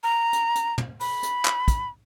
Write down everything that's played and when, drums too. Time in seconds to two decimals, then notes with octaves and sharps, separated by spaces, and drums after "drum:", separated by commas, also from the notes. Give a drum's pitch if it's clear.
0.03 A#5
0.33 drum: hi-hat
0.55 drum: hi-hat
0.78 drum: tom
1.00 B5, drum: open hi-hat
1.23 drum: hi-hat
1.45 drum: clap
1.68 drum: kick, hi-hat